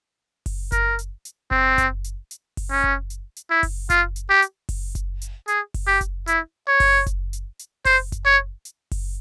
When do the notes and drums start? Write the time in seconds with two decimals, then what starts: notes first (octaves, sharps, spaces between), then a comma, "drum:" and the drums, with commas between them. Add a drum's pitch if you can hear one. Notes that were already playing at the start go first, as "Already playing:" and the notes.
0.46 drum: kick F#1, open hi-hat
0.72 A#4, drum: kick F#1, hi-hat
0.99 drum: hi-hat
1.25 drum: hi-hat
1.51 C4, drum: kick F#1
1.78 drum: kick F#1, hi-hat
2.04 drum: hi-hat
2.31 drum: hi-hat
2.57 drum: kick F#1, open hi-hat
2.70 C#4
2.84 drum: kick F#1
3.10 drum: hi-hat
3.36 drum: hi-hat
3.50 E4
3.63 drum: kick F#1, open hi-hat
3.90 F4, drum: kick F#1, hi-hat
4.16 drum: hi-hat
4.30 G4
4.42 drum: hi-hat
4.69 drum: kick F#1, open hi-hat
4.95 drum: kick F#1, hi-hat
5.21 drum: hi-hat
5.48 G#4, drum: hi-hat
5.74 drum: kick F#1, open hi-hat
5.87 G4
6.01 drum: kick F#1, hi-hat
6.27 E4, drum: hi-hat
6.67 C#5
6.80 drum: kick F#1, open hi-hat
7.06 drum: kick F#1, hi-hat
7.33 drum: hi-hat
7.59 drum: hi-hat
7.85 C5, drum: kick F#1, open hi-hat
8.12 drum: kick F#1, hi-hat
8.25 C#5
8.65 drum: hi-hat
8.91 drum: kick F#1, open hi-hat